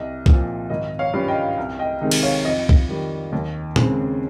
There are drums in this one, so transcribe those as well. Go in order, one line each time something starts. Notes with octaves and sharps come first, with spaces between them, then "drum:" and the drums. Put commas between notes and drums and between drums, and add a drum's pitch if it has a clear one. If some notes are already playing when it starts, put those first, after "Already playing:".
Already playing: C2 D#5
A#2 F3, drum: kick
G#1 D#5
C#5 F5
G2 G3 C#4 F4
D#5 G5
C2
D#5 G5
C3 D#3 G#3 D#4
drum: cymbal
C#5 F5
F2 D#5
drum: kick
D#3 G3
D#2
C#3 G#3 C4, drum: tom